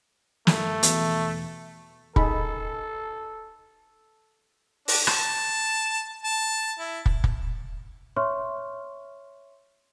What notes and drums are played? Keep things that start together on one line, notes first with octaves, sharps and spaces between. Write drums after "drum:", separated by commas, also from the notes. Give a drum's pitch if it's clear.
G2 A3, drum: snare
E2 B2, drum: hi-hat
D#4 G#4 A4 B5, drum: kick
D4, drum: open hi-hat
A5, drum: rim click
A5
E4
drum: kick
drum: kick
C#5 E5 C6 C#6 F6